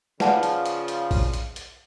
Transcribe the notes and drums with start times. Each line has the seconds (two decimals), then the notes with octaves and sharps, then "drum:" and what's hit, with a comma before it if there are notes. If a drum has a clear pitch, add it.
0.20 C#3 F3 G#4 B4 D5 F5 F#5 A5, drum: snare
0.43 drum: hi-hat
0.66 drum: hi-hat
0.88 drum: hi-hat
1.11 drum: kick A1, open hi-hat
1.34 drum: hi-hat
1.56 drum: hi-hat